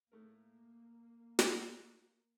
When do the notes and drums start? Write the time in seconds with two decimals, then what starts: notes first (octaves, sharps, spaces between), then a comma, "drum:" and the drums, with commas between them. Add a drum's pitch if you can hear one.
0.12 A2 A3 A#3 A#4
1.39 drum: snare